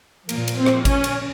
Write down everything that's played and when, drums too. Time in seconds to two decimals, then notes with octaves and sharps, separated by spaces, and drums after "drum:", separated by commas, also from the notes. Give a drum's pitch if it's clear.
0.29 A#2 F3 A#3, drum: cymbal
0.48 drum: cymbal
0.57 C4
0.66 drum: rim click
0.85 C#4, drum: kick G#1, cymbal
1.04 drum: cymbal